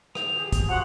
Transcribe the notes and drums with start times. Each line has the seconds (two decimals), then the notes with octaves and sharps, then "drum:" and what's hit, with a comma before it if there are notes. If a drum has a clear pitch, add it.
0.15 G5 D#6 F7, drum: rim click
0.36 G4 G#4
0.52 drum: kick, hi-hat
0.69 F3 F#4 F#5 C6